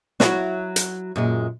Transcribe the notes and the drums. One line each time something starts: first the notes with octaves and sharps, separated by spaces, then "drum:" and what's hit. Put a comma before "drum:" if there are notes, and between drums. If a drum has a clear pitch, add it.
F#3 E4 F#4, drum: snare
drum: hi-hat
F#2 A#2 G#3